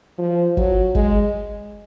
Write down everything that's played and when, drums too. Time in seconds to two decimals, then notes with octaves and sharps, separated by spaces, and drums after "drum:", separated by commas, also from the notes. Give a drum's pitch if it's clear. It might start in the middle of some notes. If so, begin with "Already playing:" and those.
0.19 F3
0.57 F#3, drum: kick
0.95 G#3, drum: kick